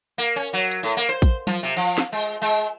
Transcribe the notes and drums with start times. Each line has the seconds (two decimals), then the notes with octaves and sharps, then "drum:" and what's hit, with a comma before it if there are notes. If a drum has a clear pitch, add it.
0.18 A#3
0.36 C#4
0.53 F#3
0.72 drum: hi-hat
0.83 A2
0.97 A#3
1.09 C5
1.22 drum: kick, hi-hat
1.47 F3, drum: tom F#3
1.63 C3
1.77 F3
1.98 drum: snare
2.12 G#3
2.23 drum: hi-hat
2.42 G#3